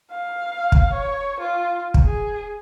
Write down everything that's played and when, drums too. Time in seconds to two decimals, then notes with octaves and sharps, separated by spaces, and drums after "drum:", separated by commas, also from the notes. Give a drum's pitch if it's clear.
0.11 F5
0.72 drum: kick
0.94 C#5
1.40 F4
1.94 drum: kick
2.04 G#4